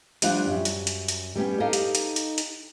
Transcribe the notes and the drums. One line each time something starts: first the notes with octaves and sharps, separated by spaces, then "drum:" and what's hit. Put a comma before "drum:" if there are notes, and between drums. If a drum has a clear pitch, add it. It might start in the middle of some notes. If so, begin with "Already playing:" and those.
F3 G3 D4 F4 F#5, drum: hi-hat
F#2 G3
drum: hi-hat
drum: hi-hat
drum: hi-hat
G3 B3 C#4 G4
D#4 G4 A4 D#5 F5
drum: hi-hat
drum: hi-hat
drum: hi-hat
drum: hi-hat